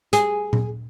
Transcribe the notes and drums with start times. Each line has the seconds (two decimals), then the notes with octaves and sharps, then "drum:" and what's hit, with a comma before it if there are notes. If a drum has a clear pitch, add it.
0.13 G#4, drum: hi-hat
0.53 drum: tom A#2